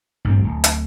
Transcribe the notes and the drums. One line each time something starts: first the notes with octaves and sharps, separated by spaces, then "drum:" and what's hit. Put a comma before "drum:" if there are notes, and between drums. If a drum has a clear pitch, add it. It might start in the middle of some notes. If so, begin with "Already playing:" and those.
A1 G2 G3 C4
D1
drum: hi-hat